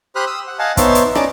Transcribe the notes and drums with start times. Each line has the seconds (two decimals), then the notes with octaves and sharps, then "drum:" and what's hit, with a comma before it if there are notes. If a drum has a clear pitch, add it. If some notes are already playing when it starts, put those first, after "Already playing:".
0.15 G4 C5 B5 D#6 F6 F#6
0.27 D#6 E6
0.48 F#5
0.59 D#5 F5 F#5 G#5 A5
0.77 B3 D#4 C5 C#5 E5 A5, drum: kick, hi-hat
0.95 drum: hi-hat
1.15 C#4 D5 D#5 A5 A#5 D6, drum: rim click